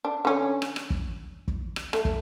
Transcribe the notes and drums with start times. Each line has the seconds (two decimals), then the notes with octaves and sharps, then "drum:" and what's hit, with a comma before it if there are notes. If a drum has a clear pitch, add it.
0.05 D4
0.25 D3 C#4
0.62 drum: rim click
0.76 drum: rim click
0.90 drum: kick
1.48 drum: kick
1.76 drum: rim click
1.93 A3, drum: rim click
2.05 drum: kick